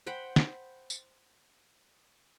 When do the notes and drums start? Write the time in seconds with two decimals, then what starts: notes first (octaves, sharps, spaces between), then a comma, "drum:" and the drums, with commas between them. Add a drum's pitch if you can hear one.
0.06 C5 F#5 G5 B5
0.36 drum: snare
0.90 drum: tambourine